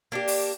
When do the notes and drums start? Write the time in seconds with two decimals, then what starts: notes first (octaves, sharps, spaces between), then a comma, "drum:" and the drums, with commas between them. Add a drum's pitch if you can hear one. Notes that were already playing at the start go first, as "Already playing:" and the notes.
0.12 A#3 D4 G4
0.28 drum: open hi-hat